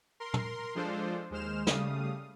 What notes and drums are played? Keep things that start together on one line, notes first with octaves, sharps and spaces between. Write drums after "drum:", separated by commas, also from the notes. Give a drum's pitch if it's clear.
A#4 C6
drum: tom
F3 G#3 D4 F4 A4 C5
D#2 G#3 C5 F6 E7
C#3 G3 A3 F5 D#6, drum: snare